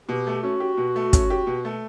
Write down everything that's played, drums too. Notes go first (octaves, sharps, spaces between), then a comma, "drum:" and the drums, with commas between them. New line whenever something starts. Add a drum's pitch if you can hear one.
B2 G4
A3
C#4 F#4
G4
B2
A3
C#4, drum: kick, hi-hat
G4
B2
A3